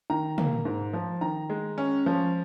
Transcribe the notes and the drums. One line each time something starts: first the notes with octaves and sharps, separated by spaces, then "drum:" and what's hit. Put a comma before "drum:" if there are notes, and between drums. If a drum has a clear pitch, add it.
D#3 A#5
A#3, drum: tom
G#2
F3
D#3 A#5
G#3
C#4
F3